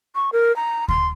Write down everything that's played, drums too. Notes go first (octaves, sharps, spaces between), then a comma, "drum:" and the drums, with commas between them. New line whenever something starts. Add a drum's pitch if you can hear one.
C#6
A#4
A#5
C6, drum: kick D2